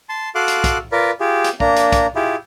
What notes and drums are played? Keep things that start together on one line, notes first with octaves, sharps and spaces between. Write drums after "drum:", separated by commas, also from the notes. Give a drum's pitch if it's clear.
A5 C6
F#4 A4 F5 C6 D6 F#6
drum: hi-hat
drum: kick, hi-hat
F4 A#4 B4 D5
F4 G4 G#4
drum: hi-hat
A#3 D4 A#5, drum: kick
drum: hi-hat
drum: kick, hi-hat
E4 F4 G4 G#4